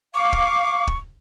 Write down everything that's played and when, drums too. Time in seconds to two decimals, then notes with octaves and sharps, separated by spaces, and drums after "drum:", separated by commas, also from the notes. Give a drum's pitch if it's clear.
0.14 F5 C#6 D6
0.33 drum: kick
0.87 drum: kick